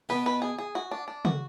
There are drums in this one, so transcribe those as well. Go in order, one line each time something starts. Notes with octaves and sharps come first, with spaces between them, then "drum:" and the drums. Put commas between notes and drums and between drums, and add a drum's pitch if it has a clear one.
B2 B3 B4
B4
G#4
G#4
F#4
D4
D4
F#4, drum: tom C#3